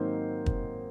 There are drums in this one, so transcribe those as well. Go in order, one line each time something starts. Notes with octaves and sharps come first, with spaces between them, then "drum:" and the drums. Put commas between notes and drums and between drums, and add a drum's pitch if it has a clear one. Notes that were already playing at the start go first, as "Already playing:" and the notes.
Already playing: G#2 D#3 F#3 A#3 C4 D#4 C5
drum: kick